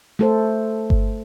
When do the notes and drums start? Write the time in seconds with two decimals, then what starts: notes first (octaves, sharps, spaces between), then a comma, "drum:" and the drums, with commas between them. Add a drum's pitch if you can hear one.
0.19 A3 A4 C5
0.90 drum: kick G1